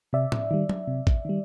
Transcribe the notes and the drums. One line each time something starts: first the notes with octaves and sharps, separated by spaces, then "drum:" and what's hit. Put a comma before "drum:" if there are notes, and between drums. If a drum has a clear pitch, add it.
C3 D5 E5
drum: tom A2
D#3 G3
drum: tom F#3
C3
drum: kick A1
D#3 G3